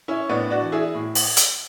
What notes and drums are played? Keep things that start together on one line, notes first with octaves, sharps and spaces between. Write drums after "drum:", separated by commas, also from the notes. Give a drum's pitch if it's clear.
C#4 E4
A2 B3 D4
D4 F#4
E3
E4 G#4
A2
drum: open hi-hat
drum: hi-hat